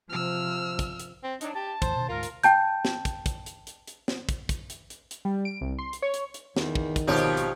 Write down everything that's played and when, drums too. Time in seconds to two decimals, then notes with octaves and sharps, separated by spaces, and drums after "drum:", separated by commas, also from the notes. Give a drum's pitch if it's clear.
0.10 C3 F3 E6 F6
0.79 drum: kick, hi-hat
1.00 drum: hi-hat
1.24 C4
1.41 F#3 D4 D#4, drum: hi-hat
1.55 G4 A5
1.82 E2 A2 E3 C5, drum: kick, hi-hat
1.97 B2 D#3
2.09 D2 G#2 F4 A#4
2.23 drum: hi-hat
2.43 G5 A5 G6, drum: hi-hat
2.85 drum: snare
3.05 drum: kick, hi-hat
3.26 drum: kick, hi-hat
3.46 drum: hi-hat
3.67 drum: hi-hat
3.87 drum: hi-hat
4.08 drum: snare
4.29 drum: kick, hi-hat
4.49 drum: kick, hi-hat
4.70 drum: hi-hat
4.90 drum: hi-hat
5.11 drum: hi-hat
5.25 G3
5.45 D7
5.61 C2
5.79 C6
5.93 drum: hi-hat
6.02 C#5
6.14 drum: hi-hat
6.34 drum: hi-hat
6.56 E2 D#3, drum: snare
6.75 drum: kick
6.96 drum: kick, hi-hat
7.07 G#1 B2 F3 D#4 G4 C#5
7.17 drum: hi-hat
7.37 drum: hi-hat